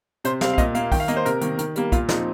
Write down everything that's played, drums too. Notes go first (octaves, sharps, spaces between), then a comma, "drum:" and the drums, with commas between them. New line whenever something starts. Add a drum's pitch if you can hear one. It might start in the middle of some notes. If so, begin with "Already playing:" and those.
C3 C5, drum: hi-hat
G3 C4 F5, drum: snare
F5
A#2 D#5, drum: kick, hi-hat
A#3 F5, drum: hi-hat
D#3 G5, drum: kick, open hi-hat
F5
A#3 D#5, drum: hi-hat
C5
C3 A#4, drum: hi-hat
D#3 A#3, drum: hi-hat
D#3, drum: hi-hat
G3 A#3, drum: hi-hat
A#2 F4, drum: kick, hi-hat
F3 C4 D#4, drum: snare